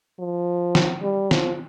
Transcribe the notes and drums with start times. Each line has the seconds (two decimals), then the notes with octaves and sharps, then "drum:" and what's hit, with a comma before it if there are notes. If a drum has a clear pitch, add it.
0.19 F3
0.75 drum: snare
1.02 G3
1.31 F3, drum: snare